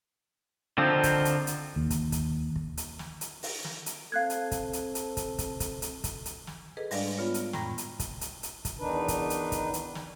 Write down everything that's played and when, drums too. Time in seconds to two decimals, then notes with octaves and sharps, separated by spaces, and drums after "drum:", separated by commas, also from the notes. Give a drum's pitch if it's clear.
0.78 D3 D#3 F3 C4
1.03 drum: kick, hi-hat
1.25 drum: hi-hat
1.47 drum: hi-hat
1.76 D#2
1.90 drum: kick, hi-hat
2.12 drum: kick, hi-hat
2.56 drum: kick
2.77 drum: hi-hat
2.99 drum: snare
3.21 drum: hi-hat
3.43 drum: open hi-hat
3.64 drum: snare
3.86 drum: hi-hat
4.12 C4 A4 F5 F#6 G#6
4.30 drum: hi-hat
4.51 drum: kick, hi-hat
4.73 drum: hi-hat
4.95 drum: hi-hat
5.17 drum: kick, hi-hat
5.38 drum: kick, hi-hat
5.60 drum: kick, hi-hat
5.82 drum: hi-hat
6.04 drum: kick, hi-hat
6.25 drum: hi-hat
6.47 drum: snare
6.77 G#4 A4 B4 D#5
6.91 G#2 G3 G#3 D4 D5 F5, drum: open hi-hat
7.18 B3 F4 C#5
7.34 drum: hi-hat
7.53 F2 A2 G5 A#5 B5 A#6, drum: snare
7.78 drum: hi-hat
7.99 drum: kick, hi-hat
8.21 drum: hi-hat
8.43 drum: hi-hat
8.65 drum: kick, hi-hat
8.79 E2 D#3 D4 D#4 B4
9.08 drum: kick, hi-hat
9.30 drum: hi-hat
9.52 drum: kick, hi-hat
9.74 drum: hi-hat
9.95 drum: snare